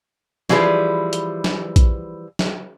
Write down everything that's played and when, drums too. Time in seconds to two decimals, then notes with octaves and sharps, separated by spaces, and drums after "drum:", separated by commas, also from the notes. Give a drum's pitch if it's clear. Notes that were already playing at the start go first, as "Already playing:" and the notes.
0.50 E3 F3 G3 G#4 B4, drum: snare
1.13 drum: hi-hat
1.44 drum: snare
1.76 drum: kick A#1, hi-hat
2.39 drum: snare